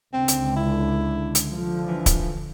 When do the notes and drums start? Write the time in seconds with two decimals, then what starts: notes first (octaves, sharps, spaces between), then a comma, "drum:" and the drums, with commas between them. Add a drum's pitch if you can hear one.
0.13 C#2 D3 C4
0.28 drum: hi-hat
0.56 E4
1.35 drum: hi-hat
1.53 D3 F3
1.87 E3
2.06 drum: kick, hi-hat